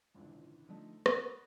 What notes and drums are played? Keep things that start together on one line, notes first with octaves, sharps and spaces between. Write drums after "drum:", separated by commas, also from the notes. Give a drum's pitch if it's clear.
G#1 C#2 A#2 D3 E3
D3 F3 A3 D#4
G#4 A#4 F#5 B5 D#6 F#6, drum: rim click